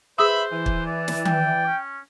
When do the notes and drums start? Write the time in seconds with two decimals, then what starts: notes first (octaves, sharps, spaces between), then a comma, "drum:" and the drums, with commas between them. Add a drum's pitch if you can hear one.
0.18 G#4 B4 C5 E5 B5 D#6 E6
0.52 E3
0.66 drum: kick
0.86 D5
1.08 drum: snare
1.25 G5, drum: tom D#3
1.66 C#4